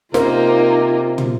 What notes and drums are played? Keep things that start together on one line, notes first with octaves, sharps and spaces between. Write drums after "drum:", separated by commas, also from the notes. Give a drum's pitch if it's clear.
C3 A#3 D#4 F4 A#4 C5, drum: snare
drum: tom